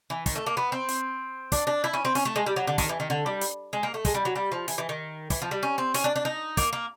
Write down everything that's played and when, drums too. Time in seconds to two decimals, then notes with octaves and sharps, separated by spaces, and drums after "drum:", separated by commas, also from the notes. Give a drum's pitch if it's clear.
0.10 E3
0.26 D#3, drum: kick, hi-hat
0.35 A3
0.46 A#3
0.57 B3
0.72 C4
0.88 drum: hi-hat
1.52 D4, drum: kick, hi-hat
1.67 D4
1.84 E4
1.94 C#4
2.05 C4
2.15 C#4, drum: hi-hat
2.25 A3
2.36 G#3
2.46 G3
2.56 F#3
2.67 D3
2.78 D#3, drum: kick, hi-hat
2.89 E3
3.00 D#3
3.10 D3
3.26 G3
3.41 drum: hi-hat
3.73 G#3
3.83 A#3
3.94 A3
4.05 G#3, drum: kick, hi-hat
4.14 G3
4.25 F#3
4.36 G3
4.52 F3
4.68 E3, drum: hi-hat
4.78 E3
4.89 D#3
5.30 E3, drum: kick, hi-hat
5.42 F3
5.51 G3
5.63 C#4
5.78 C4
5.94 C#4, drum: hi-hat
6.04 D4
6.16 D4
6.25 D#4
6.57 A#3, drum: kick, hi-hat
6.73 A#3